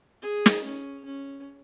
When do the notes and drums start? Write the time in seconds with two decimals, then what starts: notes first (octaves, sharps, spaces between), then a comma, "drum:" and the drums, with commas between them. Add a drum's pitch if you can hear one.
0.22 G#4
0.46 drum: snare
0.64 C#4
1.05 C#4